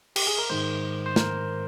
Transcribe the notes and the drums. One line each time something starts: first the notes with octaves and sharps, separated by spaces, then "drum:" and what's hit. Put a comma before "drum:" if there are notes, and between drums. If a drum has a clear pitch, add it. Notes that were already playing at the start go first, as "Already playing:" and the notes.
G4, drum: cymbal
G#4
A#4
G#2 D#3 G#3 C5
C5
A#4, drum: snare